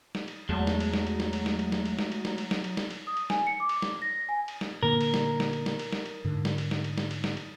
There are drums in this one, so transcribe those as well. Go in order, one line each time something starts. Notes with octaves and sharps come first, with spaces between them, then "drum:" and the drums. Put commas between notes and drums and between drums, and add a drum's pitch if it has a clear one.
drum: snare
drum: cymbal
E2 F#3 G#3 A3 A4 A#5
drum: snare
drum: cymbal
drum: snare
drum: cymbal
drum: snare
drum: cymbal
drum: snare
drum: cymbal
drum: snare
drum: cymbal
drum: snare
drum: cymbal
drum: snare
drum: cymbal
drum: snare
drum: cymbal
drum: snare
drum: cymbal
D#6
drum: cymbal
G#5, drum: snare
C#7
D6
drum: cymbal
drum: snare
A#6
G#5
drum: cymbal
drum: snare
A#2 D3 A#3 A#4
drum: cymbal
drum: snare
drum: snare
drum: cymbal
drum: snare
drum: cymbal
drum: snare
drum: cymbal
G#2 D3
drum: snare
drum: cymbal
drum: snare
drum: cymbal
drum: snare
drum: cymbal
drum: snare
drum: cymbal